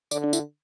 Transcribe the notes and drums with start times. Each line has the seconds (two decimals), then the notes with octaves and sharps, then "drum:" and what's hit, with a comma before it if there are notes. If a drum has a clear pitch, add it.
0.11 D3 D5, drum: tambourine
0.24 D4
0.33 E4, drum: tambourine